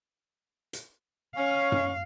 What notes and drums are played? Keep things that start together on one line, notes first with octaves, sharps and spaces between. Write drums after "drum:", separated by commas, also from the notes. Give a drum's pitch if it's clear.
drum: hi-hat
C#4 F5
drum: tom F#2